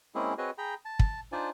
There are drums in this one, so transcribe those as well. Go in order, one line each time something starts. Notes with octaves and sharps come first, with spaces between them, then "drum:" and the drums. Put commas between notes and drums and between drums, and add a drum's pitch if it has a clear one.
G#3 A#3 C4 C#4 E4 G#4
C4 F#4 G#4 B4 C#5 D#5
G#4 G5 A#5 B5
A5
drum: kick
D4 D#4 F4 C5 D5 G#5